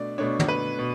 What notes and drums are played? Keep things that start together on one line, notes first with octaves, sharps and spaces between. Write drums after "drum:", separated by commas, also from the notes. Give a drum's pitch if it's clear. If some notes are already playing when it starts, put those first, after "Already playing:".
Already playing: B2 A3 D4 D5
B2 A3 D4 C#5
drum: tom
B4
B2